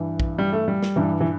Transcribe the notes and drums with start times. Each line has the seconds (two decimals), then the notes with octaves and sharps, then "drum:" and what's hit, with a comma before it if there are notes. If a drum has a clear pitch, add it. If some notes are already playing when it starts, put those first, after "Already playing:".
Already playing: G2 E3
0.20 drum: kick
0.39 G3
0.53 A3
0.68 G3
0.83 drum: snare
0.96 G2 E3
1.21 E3